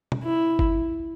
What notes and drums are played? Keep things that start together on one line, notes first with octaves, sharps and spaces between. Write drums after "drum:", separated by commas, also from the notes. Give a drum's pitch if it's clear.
drum: tom B2
E4
drum: kick G1